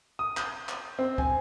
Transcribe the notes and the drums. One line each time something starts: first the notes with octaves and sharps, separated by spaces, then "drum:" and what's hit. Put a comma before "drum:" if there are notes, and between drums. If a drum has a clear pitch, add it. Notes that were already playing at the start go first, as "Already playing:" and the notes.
D#6
G6, drum: clap
drum: clap
C4
G#5, drum: kick